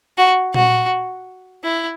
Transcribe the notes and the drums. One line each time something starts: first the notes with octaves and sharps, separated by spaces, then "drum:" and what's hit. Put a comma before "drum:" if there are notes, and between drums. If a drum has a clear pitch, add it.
F#4
F#4, drum: tom A#2
E4